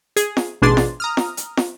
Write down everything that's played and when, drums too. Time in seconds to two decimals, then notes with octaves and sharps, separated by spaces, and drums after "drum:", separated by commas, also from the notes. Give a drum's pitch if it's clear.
0.16 G#4, drum: hi-hat
0.37 drum: snare
0.62 A1 B2 D4 G#4 C6 A6
0.77 drum: snare
1.00 A#5 D#6 F6
1.17 drum: snare
1.37 drum: hi-hat
1.57 drum: snare